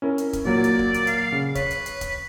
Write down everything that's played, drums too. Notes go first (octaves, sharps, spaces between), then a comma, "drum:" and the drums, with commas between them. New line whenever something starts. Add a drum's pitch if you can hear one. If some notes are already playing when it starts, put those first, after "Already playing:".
C#4 E4 A#4
drum: hi-hat
drum: kick, hi-hat
A#2 F#3 A#3 D5
drum: hi-hat
drum: kick
drum: hi-hat
F5, drum: hi-hat
C#3
B4 C#5, drum: kick, hi-hat
drum: hi-hat
drum: hi-hat
drum: kick, hi-hat